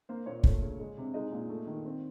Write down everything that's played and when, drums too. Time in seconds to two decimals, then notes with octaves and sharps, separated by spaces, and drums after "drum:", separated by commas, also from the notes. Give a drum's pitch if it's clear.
0.09 A#3 C5
0.26 A#2 C#5
0.39 D5
0.44 A3 C#5, drum: kick
0.62 C#3
0.80 G#3
0.97 C3
1.14 G#3 D#4 D#5
1.32 A#2
1.49 A3
1.67 D#3
1.84 C4